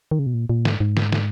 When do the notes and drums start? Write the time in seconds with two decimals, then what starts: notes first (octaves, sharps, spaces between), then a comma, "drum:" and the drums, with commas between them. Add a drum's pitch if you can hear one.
0.11 D#3
0.19 C#3
0.26 B2
0.34 A#2
0.50 A#2
0.65 G#2, drum: snare
0.80 G#2
0.97 drum: snare
1.12 drum: snare